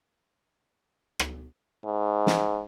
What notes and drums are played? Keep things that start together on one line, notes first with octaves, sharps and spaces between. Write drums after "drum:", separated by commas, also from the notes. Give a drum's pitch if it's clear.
drum: rim click
G#2
drum: snare